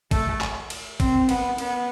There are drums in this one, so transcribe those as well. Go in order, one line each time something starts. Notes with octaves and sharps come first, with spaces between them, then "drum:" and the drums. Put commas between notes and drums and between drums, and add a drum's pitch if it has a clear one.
A3, drum: kick G#1, cymbal
drum: clap
drum: cymbal
C4, drum: kick G#1, cymbal
B3, drum: cymbal
B3, drum: cymbal